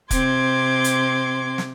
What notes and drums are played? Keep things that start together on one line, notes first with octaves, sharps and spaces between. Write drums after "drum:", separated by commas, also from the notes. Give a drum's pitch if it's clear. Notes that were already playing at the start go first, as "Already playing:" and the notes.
C3 C4 C6 D6 G#6, drum: kick, hi-hat
drum: hi-hat
drum: snare